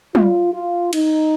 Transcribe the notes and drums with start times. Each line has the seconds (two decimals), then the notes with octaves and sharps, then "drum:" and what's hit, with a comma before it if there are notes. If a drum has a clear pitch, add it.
0.15 F4, drum: tom
0.53 F4
0.93 D#4, drum: cymbal